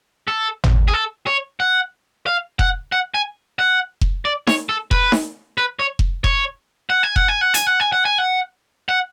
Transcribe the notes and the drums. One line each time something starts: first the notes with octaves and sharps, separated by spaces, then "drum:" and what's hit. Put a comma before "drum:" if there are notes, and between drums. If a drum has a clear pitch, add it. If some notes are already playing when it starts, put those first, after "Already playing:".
A4
drum: tom G#1
G#4
A4
C#5
F#5
F5
F#5, drum: kick F1
F#5
G#5
F#5
drum: kick F1
D5
C#5, drum: snare D#4
A4
B4, drum: kick F1
drum: snare D#4
B4
C#5
drum: kick F1
C#5, drum: kick F1
F#5
G#5
F#5, drum: kick F1
G#5
F#5
G#5, drum: hi-hat
F#5
G#5
F#5
G#5
F#5
F#5